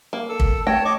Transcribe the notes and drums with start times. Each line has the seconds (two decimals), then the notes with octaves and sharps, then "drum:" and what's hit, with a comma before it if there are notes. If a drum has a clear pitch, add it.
0.13 A#3
0.29 A4 E6
0.40 drum: kick
0.67 A3 C#5 G5 A5
0.85 D#5 C#6 D6